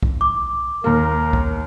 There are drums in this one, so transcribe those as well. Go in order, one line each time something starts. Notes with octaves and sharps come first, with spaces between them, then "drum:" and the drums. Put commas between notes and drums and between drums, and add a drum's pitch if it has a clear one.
drum: kick
D6
D#2 A#3 A#4
drum: kick